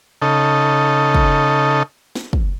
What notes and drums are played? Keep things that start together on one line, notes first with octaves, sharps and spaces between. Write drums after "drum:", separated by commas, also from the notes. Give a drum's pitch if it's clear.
C#3 D#4 A4
drum: kick
drum: snare
drum: kick